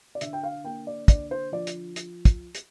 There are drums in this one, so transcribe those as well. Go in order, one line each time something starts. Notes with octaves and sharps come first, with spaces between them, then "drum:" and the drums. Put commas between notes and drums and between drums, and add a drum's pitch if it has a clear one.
D5
D3 E5, drum: hi-hat
G5
F5
A#3 G5
D5
D3 D5, drum: kick, hi-hat
C5
F3 D5
drum: hi-hat
drum: hi-hat
drum: kick, hi-hat
drum: hi-hat